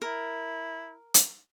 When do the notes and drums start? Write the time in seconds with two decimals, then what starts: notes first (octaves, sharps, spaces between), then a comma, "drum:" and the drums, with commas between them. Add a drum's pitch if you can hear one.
0.02 E4 A#4
1.14 drum: hi-hat